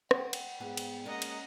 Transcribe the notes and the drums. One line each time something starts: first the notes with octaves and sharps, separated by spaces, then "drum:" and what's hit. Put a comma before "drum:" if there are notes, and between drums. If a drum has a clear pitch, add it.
D5 F#5 G5, drum: rim click
drum: cymbal
G#2 B3 G#4
drum: cymbal
G#3 A#3 C#4 D5 D#5 F#5 A#5
drum: cymbal